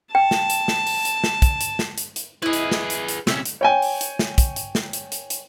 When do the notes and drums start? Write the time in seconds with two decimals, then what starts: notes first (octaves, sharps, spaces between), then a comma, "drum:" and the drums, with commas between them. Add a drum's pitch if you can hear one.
0.15 G5 A5
0.31 drum: snare
0.50 drum: hi-hat
0.68 drum: snare
0.87 drum: open hi-hat
1.05 drum: hi-hat
1.24 drum: snare
1.42 drum: kick, hi-hat
1.61 drum: hi-hat
1.79 drum: snare
1.98 drum: hi-hat
2.16 drum: hi-hat
2.42 E4 G#4 B4 D#5
2.53 drum: hi-hat
2.72 drum: snare
2.90 drum: hi-hat
3.08 drum: hi-hat
3.27 C3 C#4 E5, drum: snare
3.45 drum: hi-hat
3.61 C#5 G5 G#5
3.82 drum: open hi-hat
4.01 drum: hi-hat
4.19 drum: snare
4.38 drum: kick, hi-hat
4.56 drum: hi-hat
4.75 drum: snare
4.93 drum: hi-hat
5.12 drum: hi-hat
5.30 drum: hi-hat